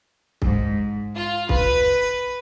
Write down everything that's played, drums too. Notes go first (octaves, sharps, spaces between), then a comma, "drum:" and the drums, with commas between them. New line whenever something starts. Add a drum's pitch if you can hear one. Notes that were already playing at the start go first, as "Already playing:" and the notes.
G#2, drum: kick
F4
B4, drum: kick